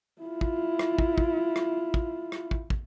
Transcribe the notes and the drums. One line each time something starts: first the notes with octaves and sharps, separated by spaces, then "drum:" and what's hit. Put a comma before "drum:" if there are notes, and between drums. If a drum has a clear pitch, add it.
E4 F4
drum: kick
drum: rim click
drum: kick
drum: kick
drum: rim click
drum: kick
drum: rim click
drum: kick
drum: kick